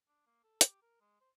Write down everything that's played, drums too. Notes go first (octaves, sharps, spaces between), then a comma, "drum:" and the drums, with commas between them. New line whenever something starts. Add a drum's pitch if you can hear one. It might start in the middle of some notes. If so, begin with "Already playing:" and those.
D4
A#3
A4
G4, drum: hi-hat
A#4
G#3
C5